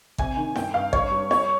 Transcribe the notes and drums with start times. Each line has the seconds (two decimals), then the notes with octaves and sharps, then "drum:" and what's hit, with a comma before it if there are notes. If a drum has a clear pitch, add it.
0.18 C3 G#5, drum: kick G#1
0.37 D#3
0.55 G2 G5, drum: snare E4
0.74 G2 F5
0.93 G2 C#5, drum: kick G#1
1.12 G3
1.31 G3 C#5, drum: snare E4